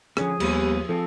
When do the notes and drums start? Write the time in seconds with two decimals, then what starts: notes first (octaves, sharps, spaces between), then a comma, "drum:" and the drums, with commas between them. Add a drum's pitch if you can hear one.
0.17 D3 F3 C#4 G#4, drum: rim click
0.40 D#2 G3 B3, drum: cymbal
0.89 F3 C4 A4